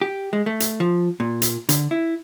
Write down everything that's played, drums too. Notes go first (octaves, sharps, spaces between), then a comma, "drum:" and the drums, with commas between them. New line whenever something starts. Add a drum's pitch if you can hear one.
G4
G#3
A3
drum: hi-hat
F3
A#2
drum: hi-hat
D3, drum: hi-hat
E4